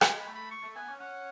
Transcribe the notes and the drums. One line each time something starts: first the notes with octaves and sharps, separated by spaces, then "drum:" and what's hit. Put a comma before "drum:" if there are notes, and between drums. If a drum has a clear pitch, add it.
G#3 G#5, drum: rim click
B5
A3
B5
C#6
A3
B3 G#5
C#4
C#4 F#5